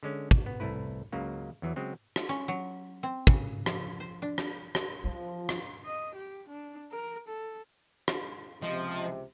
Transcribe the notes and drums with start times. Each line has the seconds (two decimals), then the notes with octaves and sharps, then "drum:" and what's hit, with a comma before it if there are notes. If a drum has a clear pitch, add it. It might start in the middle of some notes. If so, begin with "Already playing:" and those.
0.03 D3 G#3 C#4
0.31 drum: kick
0.46 B3
0.60 C2 A3 E4 B4
1.12 C#2 C#3 F#3 A#3
1.62 E2 E3 F#3
1.76 C#3 F#3 G#3 C4
2.16 drum: rim click
2.29 C#4
2.48 F#3
3.03 C4
3.27 C#3, drum: kick
3.66 F3, drum: rim click
4.00 C5
4.22 D4
4.38 drum: rim click
4.75 drum: rim click
5.04 E3 F3 C4
5.49 drum: rim click
5.85 D#5
6.15 G4
6.49 D4
6.92 A#4
7.28 A4
8.08 drum: rim click
8.62 C#2 C3 F3 D#5